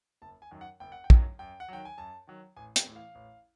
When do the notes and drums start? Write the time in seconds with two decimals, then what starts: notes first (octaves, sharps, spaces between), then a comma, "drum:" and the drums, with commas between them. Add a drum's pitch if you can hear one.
0.22 F#1 A5
0.42 G#5
0.51 F#2 D#3 F#3
0.61 F#5
0.80 F#1 G5
0.92 F#5
1.04 G5
1.10 F#2 D#3 F#3, drum: kick
1.39 F#2 G5
1.60 F#5
1.69 D#3 F#3 G5
1.85 G#5
1.98 F#2 A5
2.27 D#3 F#3
2.56 A1 G#5
2.76 G5, drum: hi-hat
2.86 A2 E3
2.96 F5
3.15 A1